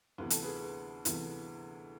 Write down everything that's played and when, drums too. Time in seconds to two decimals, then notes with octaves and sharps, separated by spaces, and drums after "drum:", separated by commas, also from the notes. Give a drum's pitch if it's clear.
0.18 D2 C3 E3 B3 B4
0.30 A4, drum: hi-hat
0.42 G#4 B4
1.05 D2 C3 E3 B3, drum: hi-hat